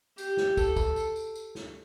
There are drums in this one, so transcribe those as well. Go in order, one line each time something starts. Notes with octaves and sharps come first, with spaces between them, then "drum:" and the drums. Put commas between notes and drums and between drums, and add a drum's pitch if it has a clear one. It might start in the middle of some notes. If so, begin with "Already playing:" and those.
G4, drum: tambourine
drum: snare
A4, drum: kick, tambourine
drum: kick, tambourine
drum: tambourine
drum: tambourine
drum: tambourine
drum: snare